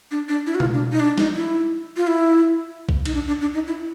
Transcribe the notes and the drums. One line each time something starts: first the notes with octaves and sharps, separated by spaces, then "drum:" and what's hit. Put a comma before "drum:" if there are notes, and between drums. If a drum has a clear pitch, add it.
D4
D4
E4
F#4
F4, drum: tom B2
D4
D#4
D4
D#4, drum: snare
E4
F4
E4
drum: kick B1
D#4, drum: cymbal
D4
D4
D4
D#4
E4